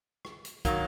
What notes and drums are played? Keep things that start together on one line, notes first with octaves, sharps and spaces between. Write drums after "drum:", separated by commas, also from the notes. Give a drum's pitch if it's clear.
drum: rim click
drum: hi-hat
D#3 F#3 A#3, drum: kick, hi-hat